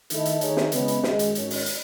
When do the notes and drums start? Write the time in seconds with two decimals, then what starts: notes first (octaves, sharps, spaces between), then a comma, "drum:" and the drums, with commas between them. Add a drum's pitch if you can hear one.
0.10 D#3 A3 E4 A4 D#5, drum: hi-hat
0.25 drum: hi-hat
0.41 D#3 A3 D#4 G#4 C#5, drum: hi-hat
0.57 drum: snare
0.72 C#3 E3 G#3 B3, drum: hi-hat
0.88 drum: hi-hat
1.03 F#2 D#3 G#3, drum: snare
1.19 drum: hi-hat
1.35 G#2 D#3 F#3 C#4, drum: hi-hat
1.50 drum: open hi-hat
1.66 drum: hi-hat